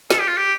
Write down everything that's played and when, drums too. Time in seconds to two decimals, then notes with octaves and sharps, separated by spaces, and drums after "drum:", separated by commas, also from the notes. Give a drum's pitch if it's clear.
0.10 A4, drum: snare
0.20 G4
0.27 F4
0.37 G4